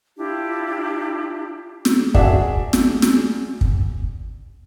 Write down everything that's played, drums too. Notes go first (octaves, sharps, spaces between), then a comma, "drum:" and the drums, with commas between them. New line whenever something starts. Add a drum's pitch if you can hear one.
D4 E4 F4 G4
drum: snare
D4 F#4 G#4 E5, drum: kick
drum: snare
drum: snare
drum: kick